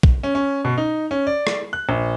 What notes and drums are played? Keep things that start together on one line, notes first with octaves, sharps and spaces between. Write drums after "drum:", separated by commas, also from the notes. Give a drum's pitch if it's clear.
drum: kick
C#4
C#4
B2
D#4
C#4
D5
drum: rim click
F#6
A#1